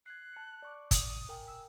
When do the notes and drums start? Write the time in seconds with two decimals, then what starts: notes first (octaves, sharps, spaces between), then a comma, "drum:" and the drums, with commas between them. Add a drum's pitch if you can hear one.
0.06 F#6 G#6 C7
0.33 A5 C#7
0.62 D5 C#6 D6
0.91 D#6, drum: kick, hi-hat
1.29 A#4 G5 G#5
1.48 E6